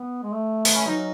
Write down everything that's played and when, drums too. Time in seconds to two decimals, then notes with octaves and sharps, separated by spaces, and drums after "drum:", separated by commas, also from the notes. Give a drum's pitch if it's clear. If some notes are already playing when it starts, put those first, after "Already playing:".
Already playing: B3
0.23 G#3
0.32 A3
0.65 B3, drum: open hi-hat
0.75 C#4
0.86 F#3 D#4